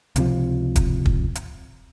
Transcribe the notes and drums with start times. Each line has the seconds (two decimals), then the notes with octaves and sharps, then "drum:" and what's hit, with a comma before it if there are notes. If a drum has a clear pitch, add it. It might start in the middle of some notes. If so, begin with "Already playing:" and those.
0.16 C#2 C3 F3, drum: hi-hat
0.76 drum: kick, hi-hat
1.05 drum: kick
1.35 drum: hi-hat